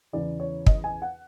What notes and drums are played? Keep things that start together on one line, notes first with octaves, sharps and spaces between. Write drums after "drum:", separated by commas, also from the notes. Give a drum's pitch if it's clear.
E2 C#3 E3 D5
C#5
D#5, drum: kick
G#5
F#5